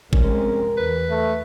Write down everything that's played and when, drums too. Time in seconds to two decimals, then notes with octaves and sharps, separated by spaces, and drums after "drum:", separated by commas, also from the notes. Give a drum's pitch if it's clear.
0.13 F1 G#3 C4 C#4 A#4, drum: kick G#1
0.77 E2 B4
1.10 A3